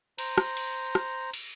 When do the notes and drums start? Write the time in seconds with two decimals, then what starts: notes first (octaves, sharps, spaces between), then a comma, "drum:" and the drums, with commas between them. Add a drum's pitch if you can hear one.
0.18 C5 A#5, drum: cymbal
0.38 drum: rim click
0.57 drum: cymbal
0.95 drum: rim click
1.33 drum: cymbal